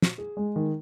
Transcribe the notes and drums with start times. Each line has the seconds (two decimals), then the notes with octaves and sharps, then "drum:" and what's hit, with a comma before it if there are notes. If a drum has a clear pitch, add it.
0.02 drum: snare
0.18 G#4
0.37 G#3
0.56 D#3